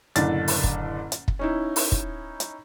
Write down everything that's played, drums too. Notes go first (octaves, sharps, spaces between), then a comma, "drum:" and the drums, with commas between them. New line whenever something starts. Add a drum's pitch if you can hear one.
F#1 A2 D3 D4 A6, drum: hi-hat
drum: open hi-hat
drum: kick
drum: hi-hat
drum: kick
C#4 D#4 E4
drum: open hi-hat
drum: kick
drum: hi-hat